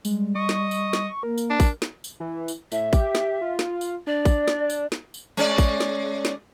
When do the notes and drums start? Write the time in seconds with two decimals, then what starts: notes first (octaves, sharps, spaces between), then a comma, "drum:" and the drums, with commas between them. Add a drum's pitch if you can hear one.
0.05 G3 G#3, drum: tambourine
0.35 D#5 C#6
0.49 drum: snare
0.71 drum: tambourine
0.93 drum: snare
1.23 A#3 A#4
1.38 drum: tambourine
1.50 D4
1.60 drum: kick A1, tambourine
1.82 drum: snare
2.04 drum: tambourine
2.20 E3
2.48 drum: tambourine
2.72 A2 E5, drum: tambourine
2.93 G4, drum: kick A1, tambourine
3.15 drum: snare
3.41 F4
3.59 drum: snare
3.81 drum: tambourine
4.07 D4 D5
4.25 drum: kick A1, tambourine
4.48 drum: snare
4.70 drum: tambourine
4.92 drum: snare
5.14 drum: tambourine
5.37 G#3 C#4 D5, drum: tambourine
5.58 drum: kick A1, tambourine
5.80 drum: snare
6.25 drum: snare